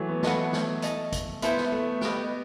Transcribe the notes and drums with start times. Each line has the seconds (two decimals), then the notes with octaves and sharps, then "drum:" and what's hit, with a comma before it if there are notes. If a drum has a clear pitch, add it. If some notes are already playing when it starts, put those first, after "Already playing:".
Already playing: E3 F#3 A3
0.09 B3
0.23 A3 F#4 B4 D#5 A5, drum: snare
0.53 drum: snare
0.82 A4 D#5 A5, drum: hi-hat
1.12 drum: kick A1, hi-hat
1.42 B3 E4 A4 C5 E5, drum: hi-hat
1.57 drum: snare
1.72 A3
2.01 B3 G4 B4 D#5, drum: snare